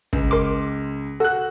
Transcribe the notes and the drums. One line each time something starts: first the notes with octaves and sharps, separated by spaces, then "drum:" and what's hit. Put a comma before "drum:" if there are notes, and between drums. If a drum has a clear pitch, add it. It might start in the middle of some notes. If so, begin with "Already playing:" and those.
C#2, drum: kick
A#4 C6 D6
F#4 A4 F#6